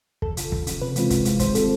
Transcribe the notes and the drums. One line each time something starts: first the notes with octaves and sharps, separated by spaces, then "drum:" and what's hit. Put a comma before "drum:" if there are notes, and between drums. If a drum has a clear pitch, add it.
E2 A4, drum: kick
C#3 F3, drum: hi-hat
E2, drum: kick
C#3 F3, drum: hi-hat
C3 B4
E3 G#3 C4 F4, drum: hi-hat
C3, drum: kick, hi-hat
E3 G#3 C4 F4, drum: hi-hat
D#3 C5, drum: kick, hi-hat
G3 C4 A4, drum: hi-hat